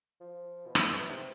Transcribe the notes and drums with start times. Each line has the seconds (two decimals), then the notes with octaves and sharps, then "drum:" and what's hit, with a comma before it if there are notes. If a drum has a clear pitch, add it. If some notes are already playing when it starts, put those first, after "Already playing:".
0.20 F3
0.66 B2
0.75 C3, drum: rim click
0.83 D3
0.92 E3
1.10 C3